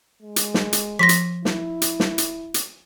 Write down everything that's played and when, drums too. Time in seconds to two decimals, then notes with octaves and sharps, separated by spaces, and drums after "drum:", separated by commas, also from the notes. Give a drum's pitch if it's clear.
0.22 G#3
0.36 drum: hi-hat
0.54 drum: snare
0.73 drum: hi-hat
0.99 F3 C6 A#6 B6
1.09 drum: hi-hat
1.45 E4, drum: snare
1.82 drum: hi-hat
2.00 drum: snare
2.18 drum: hi-hat
2.54 drum: hi-hat